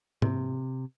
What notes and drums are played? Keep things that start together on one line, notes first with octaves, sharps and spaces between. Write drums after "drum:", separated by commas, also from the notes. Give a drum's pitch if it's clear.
C3, drum: tom G#2